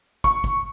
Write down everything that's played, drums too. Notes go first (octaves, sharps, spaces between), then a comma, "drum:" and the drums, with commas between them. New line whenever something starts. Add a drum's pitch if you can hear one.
C#6, drum: kick, hi-hat
drum: kick, hi-hat